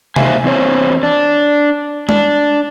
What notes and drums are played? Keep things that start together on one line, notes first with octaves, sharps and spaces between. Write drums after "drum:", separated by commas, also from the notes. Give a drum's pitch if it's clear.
A#3 D#4 C5 E5 F5 G#5, drum: tom C3
E2 C4 C5 C#5
D4
D4, drum: tom G#3